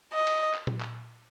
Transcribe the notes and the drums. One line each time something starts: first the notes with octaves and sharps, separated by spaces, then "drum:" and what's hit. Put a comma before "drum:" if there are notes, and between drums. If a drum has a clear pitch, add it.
D#5
drum: cymbal
drum: clap
drum: tom A#2
drum: clap